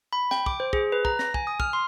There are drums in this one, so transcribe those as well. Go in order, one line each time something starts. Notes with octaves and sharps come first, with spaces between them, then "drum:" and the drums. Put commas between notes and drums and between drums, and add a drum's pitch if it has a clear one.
B5
G5, drum: snare
D6, drum: kick
C5
G#4, drum: kick
B4
A#5, drum: kick
A#6, drum: snare
G#5, drum: kick
D#6
F6, drum: kick
C6